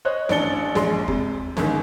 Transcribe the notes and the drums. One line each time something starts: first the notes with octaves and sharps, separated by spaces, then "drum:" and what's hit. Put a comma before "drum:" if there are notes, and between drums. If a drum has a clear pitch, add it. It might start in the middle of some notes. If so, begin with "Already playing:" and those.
C5 C#5 D#5 F#6
A1 D4 A6 C#7 G7, drum: snare
A#1 G#3 C6, drum: snare
C3, drum: kick
G1 C#2 D#3, drum: snare